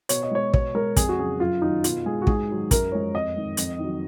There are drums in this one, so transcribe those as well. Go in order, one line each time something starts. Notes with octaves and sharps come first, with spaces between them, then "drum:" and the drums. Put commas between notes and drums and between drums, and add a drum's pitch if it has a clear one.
B2 C#5, drum: hi-hat
D#5
G#3 C#5
B2 C#5, drum: kick
G#3 A#4
F2 G#4, drum: kick, hi-hat
F#4
C#3 F#3 G#4
F#2 F4
D#3 F#3 D#4
B2 F4, drum: hi-hat
G#3 G#4
F#4
G#2 G#4, drum: kick
D#3 F#3
F#2 A#4, drum: kick, hi-hat
F3 G#3 C#5
F2 D#5
D#3 G#3
F2, drum: hi-hat
D#3
F#3